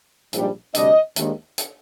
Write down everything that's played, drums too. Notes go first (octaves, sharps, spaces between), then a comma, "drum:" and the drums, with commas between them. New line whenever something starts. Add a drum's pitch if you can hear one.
A#1 G#2 G3 D4, drum: hi-hat
D2 C3 G3 D4 D#5, drum: hi-hat
D#2 D#3 G#3 D4, drum: hi-hat
drum: hi-hat